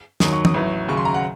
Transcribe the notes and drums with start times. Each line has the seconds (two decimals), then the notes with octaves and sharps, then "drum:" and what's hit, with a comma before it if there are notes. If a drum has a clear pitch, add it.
0.20 D#2 D#3 F#3 D#6, drum: snare
0.32 C#6
0.45 D#6, drum: tom
0.54 A1 A2 F#3
0.88 D#2 C#3 F#3 C#6
0.97 C6
1.05 A#5
1.14 F#5